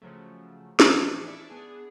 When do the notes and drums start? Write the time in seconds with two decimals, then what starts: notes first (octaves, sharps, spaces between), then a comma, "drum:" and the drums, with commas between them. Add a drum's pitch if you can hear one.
0.02 C#3 F3 F#3 A3
0.80 A2 E3 F3 G#3, drum: snare
1.27 D4 E4 D5 E5 C#6
1.50 B3 D4 G#4